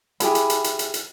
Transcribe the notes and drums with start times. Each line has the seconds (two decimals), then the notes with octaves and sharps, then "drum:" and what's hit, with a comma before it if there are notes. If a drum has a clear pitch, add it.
0.20 E4 G4 G#4 B5, drum: hi-hat
0.35 drum: hi-hat
0.50 drum: hi-hat
0.64 drum: hi-hat
0.79 drum: hi-hat
0.94 drum: hi-hat